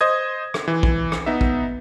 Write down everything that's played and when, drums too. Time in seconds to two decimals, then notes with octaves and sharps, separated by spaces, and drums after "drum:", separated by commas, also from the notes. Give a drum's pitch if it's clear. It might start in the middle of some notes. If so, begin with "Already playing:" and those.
0.01 C5 D#5 D#6 G#6
0.54 drum: rim click
0.68 E3
0.83 drum: kick
1.12 drum: rim click
1.26 B3 D#4 E5
1.41 drum: kick